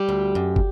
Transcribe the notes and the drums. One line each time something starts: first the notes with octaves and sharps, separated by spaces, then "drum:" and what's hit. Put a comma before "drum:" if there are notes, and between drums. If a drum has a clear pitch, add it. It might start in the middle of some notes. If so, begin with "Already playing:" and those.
Already playing: G3 G4
D2
F#2
drum: kick